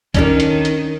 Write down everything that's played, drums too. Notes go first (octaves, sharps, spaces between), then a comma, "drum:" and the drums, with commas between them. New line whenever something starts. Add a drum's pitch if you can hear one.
D#3 C#4 D4 A#4, drum: kick C#2, hi-hat
drum: hi-hat
drum: hi-hat